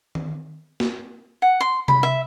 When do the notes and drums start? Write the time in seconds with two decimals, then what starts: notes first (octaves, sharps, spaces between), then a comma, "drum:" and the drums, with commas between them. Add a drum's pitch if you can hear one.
0.15 drum: tom D#3
0.80 drum: snare
1.42 F#5
1.61 C6
1.88 B5, drum: tom C3
2.03 E5